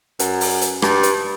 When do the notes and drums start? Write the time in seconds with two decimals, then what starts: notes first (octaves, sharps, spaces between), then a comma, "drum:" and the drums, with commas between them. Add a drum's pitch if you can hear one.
0.19 F#2, drum: hi-hat
0.41 drum: open hi-hat
0.62 drum: hi-hat
0.82 G2, drum: rim click
1.03 drum: hi-hat